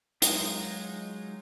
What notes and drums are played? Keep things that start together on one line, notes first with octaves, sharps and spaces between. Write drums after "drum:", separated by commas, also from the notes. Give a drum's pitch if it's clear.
F#3 G#3 D#4 F4 G#4, drum: hi-hat